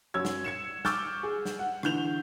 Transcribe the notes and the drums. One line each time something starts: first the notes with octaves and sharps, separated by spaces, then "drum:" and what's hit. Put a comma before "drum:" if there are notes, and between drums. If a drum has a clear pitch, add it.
F#2 C#5 E6 G#6
drum: snare
G#6 C#7 E7
C#6 D6 E6 F6 G6 A6, drum: snare
G#4
drum: snare
F#5
D3 E3 G6 F7, drum: rim click